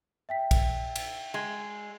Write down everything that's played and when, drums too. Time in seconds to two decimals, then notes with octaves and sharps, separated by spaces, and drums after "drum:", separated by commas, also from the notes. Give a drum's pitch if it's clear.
0.29 E5 G5 B6
0.51 drum: kick B1, cymbal
0.96 drum: cymbal
1.34 G#3